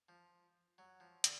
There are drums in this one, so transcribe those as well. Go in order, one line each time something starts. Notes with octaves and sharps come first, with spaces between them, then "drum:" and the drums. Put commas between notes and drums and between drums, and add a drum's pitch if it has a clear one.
F3
F#3
F3
D3, drum: hi-hat